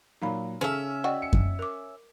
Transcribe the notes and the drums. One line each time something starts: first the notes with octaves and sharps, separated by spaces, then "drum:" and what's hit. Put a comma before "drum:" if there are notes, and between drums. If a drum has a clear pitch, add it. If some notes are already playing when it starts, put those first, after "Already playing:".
A#2 F#3 D#4 F5 B5
C#3 C#4 A4 C5 E5
F#4 D5 D#5 G5
C#7
drum: kick F#2
A#4 D6